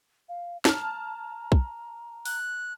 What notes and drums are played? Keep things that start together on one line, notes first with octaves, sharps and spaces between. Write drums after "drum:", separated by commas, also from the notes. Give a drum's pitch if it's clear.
F5
A5 A#5 F6, drum: snare
drum: kick
F#6, drum: open hi-hat